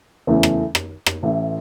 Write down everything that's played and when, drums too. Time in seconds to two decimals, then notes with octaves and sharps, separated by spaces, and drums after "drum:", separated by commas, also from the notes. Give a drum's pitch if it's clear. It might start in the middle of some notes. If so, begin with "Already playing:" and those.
0.27 F#1 E2 E3 A3 C#4
0.43 drum: rim click
0.75 drum: rim click
1.06 drum: rim click
1.23 A1 A2 E3